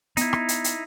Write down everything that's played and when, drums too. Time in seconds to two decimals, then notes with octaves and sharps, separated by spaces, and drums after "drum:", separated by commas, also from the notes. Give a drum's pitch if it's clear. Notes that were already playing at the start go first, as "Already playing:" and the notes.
0.17 B3 D#4 E4, drum: hi-hat
0.33 drum: rim click
0.49 drum: hi-hat
0.64 drum: hi-hat